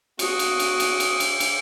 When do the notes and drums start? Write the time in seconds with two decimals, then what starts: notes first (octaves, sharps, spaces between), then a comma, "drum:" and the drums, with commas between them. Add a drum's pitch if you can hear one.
0.19 F#4 D#6, drum: cymbal
0.39 drum: cymbal
0.60 drum: cymbal
0.80 drum: cymbal
1.00 drum: cymbal
1.20 drum: cymbal
1.40 drum: cymbal